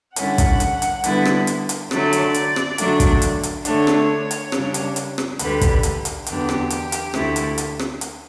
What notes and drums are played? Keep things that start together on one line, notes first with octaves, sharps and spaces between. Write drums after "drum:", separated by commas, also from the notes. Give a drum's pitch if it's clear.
D3 G3 C#4 E4 F#5, drum: hi-hat
drum: kick, hi-hat
drum: hi-hat
drum: hi-hat
D3 G3 B3 E4, drum: hi-hat
drum: rim click
drum: hi-hat
drum: hi-hat
D3 F#3 A3 D5, drum: rim click
drum: hi-hat
drum: hi-hat
drum: rim click
D3 F#3 A3 D4, drum: hi-hat
drum: kick, hi-hat
drum: hi-hat
drum: hi-hat
D3 A3 D4 C#5, drum: hi-hat
drum: rim click
drum: hi-hat
C#3 G3 D4, drum: rim click
drum: hi-hat
drum: hi-hat
drum: rim click
D2 D3 G3 B4, drum: hi-hat
drum: kick, hi-hat
drum: hi-hat
drum: hi-hat
E2 D3 F#3 B3 D4 G4, drum: hi-hat
drum: rim click
drum: hi-hat
drum: hi-hat
D2 D3 A3 E4, drum: rim click
drum: hi-hat
drum: hi-hat
drum: rim click
drum: hi-hat